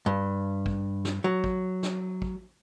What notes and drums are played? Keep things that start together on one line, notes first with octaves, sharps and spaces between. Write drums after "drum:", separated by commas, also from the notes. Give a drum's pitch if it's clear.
G2
drum: kick
drum: snare
F#3
drum: kick
drum: snare
drum: kick